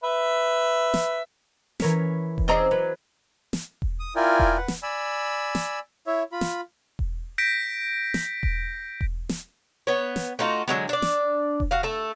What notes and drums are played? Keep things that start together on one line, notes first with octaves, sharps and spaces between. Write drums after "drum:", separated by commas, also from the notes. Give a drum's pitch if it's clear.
B4 E5
drum: snare
E3 C#4 A#4 C#5 B6, drum: snare
drum: kick E1
C4 C#4 G#4 D5 D#5 A#5
F#3 B4
drum: snare
drum: kick E1
D#6
E4 F4 A#4 D5 G5 G#5
drum: kick E1
B4 F#5
drum: snare
D5 G#5 B5 E6
drum: snare
E4 C#5 E5
F4 B5
drum: snare
drum: kick E1
G6 A#6 B6 D7
drum: snare
drum: kick E1
drum: kick E1
drum: snare
B3 C#5
drum: snare
A3 D#4 F4 F#4
D3 F#3 G#3 B3
D4 D5
drum: snare
drum: kick E1
F#4 F5
A3 A4